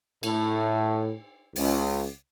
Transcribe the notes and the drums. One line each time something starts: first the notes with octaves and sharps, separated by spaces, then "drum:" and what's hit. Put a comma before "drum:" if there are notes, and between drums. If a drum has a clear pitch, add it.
A2, drum: cymbal
C#2, drum: open hi-hat